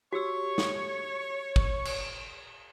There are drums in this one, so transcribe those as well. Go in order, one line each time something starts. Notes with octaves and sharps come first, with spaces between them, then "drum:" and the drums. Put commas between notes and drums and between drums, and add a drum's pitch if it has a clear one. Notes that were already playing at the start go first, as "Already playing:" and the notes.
F#4 G4 C#5 E6
A4, drum: snare
drum: kick
drum: cymbal